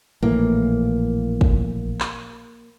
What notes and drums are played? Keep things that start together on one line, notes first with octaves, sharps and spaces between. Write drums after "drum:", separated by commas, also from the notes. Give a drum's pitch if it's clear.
A#1 A2 E3 A#3
drum: kick
drum: clap